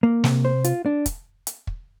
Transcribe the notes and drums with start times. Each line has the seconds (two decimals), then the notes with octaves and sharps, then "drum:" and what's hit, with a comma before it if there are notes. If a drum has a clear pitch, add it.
0.03 A#3
0.24 C3, drum: snare
0.45 C5
0.64 F4, drum: hi-hat
0.86 D4
1.06 drum: kick, hi-hat
1.47 drum: hi-hat
1.67 drum: kick